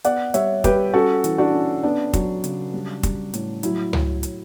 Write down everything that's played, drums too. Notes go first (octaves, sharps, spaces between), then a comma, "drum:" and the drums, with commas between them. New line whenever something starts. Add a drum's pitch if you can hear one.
B3 D5 F#5, drum: hi-hat
G3 C#5 E5, drum: hi-hat
G3 G4 B4, drum: kick, hi-hat
C#4 F#4 A4
E3, drum: hi-hat
D4 F#4
C#4
B3 D4
F#3, drum: kick, hi-hat
C#3, drum: hi-hat
G3
G3, drum: kick, hi-hat
A2, drum: hi-hat
F#3 E4, drum: hi-hat
drum: tom C#2
drum: hi-hat